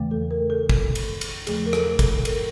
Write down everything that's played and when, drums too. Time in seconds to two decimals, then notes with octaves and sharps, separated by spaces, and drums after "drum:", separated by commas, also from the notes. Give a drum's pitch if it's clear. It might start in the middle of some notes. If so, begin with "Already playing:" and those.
Already playing: E2 C#3 E3 A3
0.11 A4
0.31 A#4
0.50 A4
0.69 drum: kick
0.95 drum: cymbal
1.21 drum: cymbal
1.47 E2 C#3 F3 A3 G#4, drum: cymbal
1.66 A#4
1.73 A4, drum: rim click
1.99 A4, drum: kick, cymbal
2.25 A#4, drum: cymbal